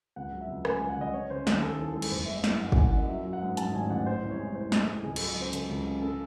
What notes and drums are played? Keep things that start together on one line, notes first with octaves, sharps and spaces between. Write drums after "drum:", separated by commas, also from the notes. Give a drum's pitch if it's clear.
C#2 F#5
F#3
E5
C#2
C#3 G#5, drum: rim click
C#2 G#5
F#5
C#2 D#5
C#3 C#5
C#3 C5
D#2 G#4, drum: snare
D#2 A4
E3
A4
G#3
A4, drum: cymbal
F#1 C5
G#3 E5
D#5
E3, drum: snare
F#2 F#5
E3 G#5, drum: kick
F#5
F#2 D#5
F#3 E5
F#3
F#5
G#2
G#2 A5, drum: hi-hat
A1 G#5
A1 F#5
E3 C5
C2
C#5
G#3
G#3 C5
G#3, drum: snare
A4
G#3
C#2 G#4
F#3 A4, drum: cymbal
D#5
C#3 C5
C#3 A4, drum: hi-hat
C#2
C#3
C#3 A4